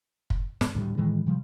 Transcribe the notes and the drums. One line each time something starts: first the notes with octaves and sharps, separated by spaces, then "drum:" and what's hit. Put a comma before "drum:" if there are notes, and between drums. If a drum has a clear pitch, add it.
drum: kick
G#2, drum: snare
D2 A2 G3
A2 D#3 E3 G#3
C3 F3 G3